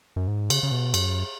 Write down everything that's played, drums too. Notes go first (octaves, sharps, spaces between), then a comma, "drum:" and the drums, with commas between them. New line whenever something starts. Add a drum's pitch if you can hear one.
F#2
G#2
C#3, drum: cymbal
C#3
B2
F#2, drum: cymbal